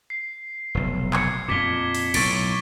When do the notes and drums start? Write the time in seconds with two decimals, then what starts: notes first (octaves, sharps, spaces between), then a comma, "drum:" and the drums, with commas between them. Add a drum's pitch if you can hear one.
0.10 C7
0.75 F1 B1
1.13 G#6 C#7, drum: clap
1.48 F2 A#2 D6 B6 G7
1.95 drum: open hi-hat
2.14 B1 A2 C#6 A6 D7, drum: cymbal